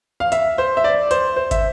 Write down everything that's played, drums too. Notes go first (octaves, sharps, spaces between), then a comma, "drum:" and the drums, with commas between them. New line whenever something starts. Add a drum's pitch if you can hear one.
F5
E5, drum: hi-hat
C5
E5
D5
C5, drum: hi-hat
C5
E5, drum: kick, hi-hat